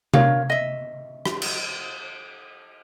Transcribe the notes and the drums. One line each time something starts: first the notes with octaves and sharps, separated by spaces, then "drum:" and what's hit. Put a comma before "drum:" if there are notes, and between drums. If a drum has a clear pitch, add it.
D4 A#4 C#5 F5, drum: tom C3
D#5 E5
drum: rim click
drum: cymbal